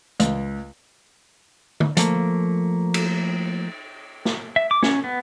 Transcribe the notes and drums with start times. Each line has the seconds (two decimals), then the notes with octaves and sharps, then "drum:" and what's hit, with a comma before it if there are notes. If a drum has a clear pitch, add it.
0.20 C#2, drum: hi-hat
1.80 drum: tom D3
1.97 F3 A3 A#3, drum: hi-hat
2.94 drum: cymbal
4.25 drum: snare
4.56 E5
4.71 D6
4.83 C#4, drum: snare
5.04 B3